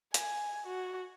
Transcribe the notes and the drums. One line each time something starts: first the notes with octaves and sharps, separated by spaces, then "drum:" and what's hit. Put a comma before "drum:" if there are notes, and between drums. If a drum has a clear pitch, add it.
G#5, drum: hi-hat
F#4